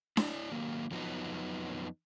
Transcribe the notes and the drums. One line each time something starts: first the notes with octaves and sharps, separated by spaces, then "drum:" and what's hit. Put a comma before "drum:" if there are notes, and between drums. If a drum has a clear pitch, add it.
D4 E4 D5, drum: snare D4
D#3 F#3 A#3
F2 F3 F#3 B3 D4 D#4